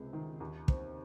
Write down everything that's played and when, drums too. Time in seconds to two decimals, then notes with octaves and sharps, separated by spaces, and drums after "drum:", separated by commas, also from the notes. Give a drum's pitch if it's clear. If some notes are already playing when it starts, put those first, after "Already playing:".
Already playing: C#2 C3 G#3
0.13 D#3
0.40 D#2
0.68 C4, drum: kick